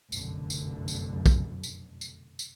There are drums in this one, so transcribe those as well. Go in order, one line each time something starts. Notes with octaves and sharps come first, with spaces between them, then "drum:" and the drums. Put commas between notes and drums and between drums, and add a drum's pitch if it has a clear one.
F1 B1 F#2 D3, drum: tambourine
drum: tambourine
drum: tambourine
drum: kick, tambourine
drum: tambourine
drum: tambourine
drum: tambourine